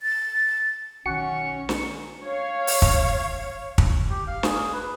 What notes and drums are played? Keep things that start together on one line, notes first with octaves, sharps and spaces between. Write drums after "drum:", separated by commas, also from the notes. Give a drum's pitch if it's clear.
A6
B1 D#3 C#4 F#4 C#7
drum: snare
C#5 F5
drum: open hi-hat
drum: kick
drum: kick
G4
F5
G#4, drum: snare
B4